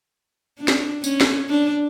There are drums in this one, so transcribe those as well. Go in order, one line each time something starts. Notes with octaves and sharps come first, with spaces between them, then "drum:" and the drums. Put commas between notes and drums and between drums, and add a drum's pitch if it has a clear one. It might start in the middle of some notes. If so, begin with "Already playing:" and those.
D4
drum: snare
C#4, drum: tambourine
drum: snare
D4